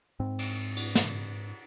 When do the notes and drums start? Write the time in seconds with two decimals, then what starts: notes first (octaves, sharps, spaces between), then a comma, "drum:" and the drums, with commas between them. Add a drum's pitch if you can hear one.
0.20 G#2 C4
0.39 drum: cymbal
0.77 drum: cymbal
0.95 drum: snare